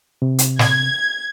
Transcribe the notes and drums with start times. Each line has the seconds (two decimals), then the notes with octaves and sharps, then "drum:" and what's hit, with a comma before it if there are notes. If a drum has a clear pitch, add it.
0.22 C3
0.39 drum: hi-hat
0.59 G#6, drum: snare